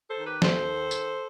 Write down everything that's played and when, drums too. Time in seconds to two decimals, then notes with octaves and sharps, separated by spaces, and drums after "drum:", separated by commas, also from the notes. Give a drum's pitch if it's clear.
0.09 A4 C5
0.17 D#3
0.26 G4 B4
0.42 D#2 A4 C5, drum: snare
0.66 D#3
0.91 drum: tambourine